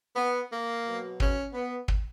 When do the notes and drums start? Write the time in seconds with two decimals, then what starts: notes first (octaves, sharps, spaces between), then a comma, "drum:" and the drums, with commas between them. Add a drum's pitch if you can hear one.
0.16 B3
0.51 A#3
0.86 B2 F#3
1.20 C#4, drum: kick
1.53 B3
1.88 drum: kick